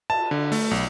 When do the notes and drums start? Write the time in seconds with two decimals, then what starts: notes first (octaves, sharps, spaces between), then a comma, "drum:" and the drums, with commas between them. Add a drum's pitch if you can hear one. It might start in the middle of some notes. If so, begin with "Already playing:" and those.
0.10 A5, drum: cymbal
0.31 D3
0.52 A3, drum: open hi-hat
0.71 B1